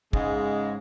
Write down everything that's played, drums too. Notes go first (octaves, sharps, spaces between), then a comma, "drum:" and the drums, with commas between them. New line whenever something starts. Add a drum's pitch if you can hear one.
G#2 C#3 G#3, drum: kick